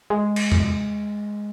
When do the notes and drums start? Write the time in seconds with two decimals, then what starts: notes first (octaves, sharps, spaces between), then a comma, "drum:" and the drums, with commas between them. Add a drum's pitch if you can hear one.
0.10 G#3
0.36 drum: cymbal
0.52 drum: tom E2